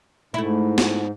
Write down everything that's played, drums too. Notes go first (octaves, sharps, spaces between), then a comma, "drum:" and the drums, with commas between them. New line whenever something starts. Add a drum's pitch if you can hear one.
G#2 A3 E4
drum: snare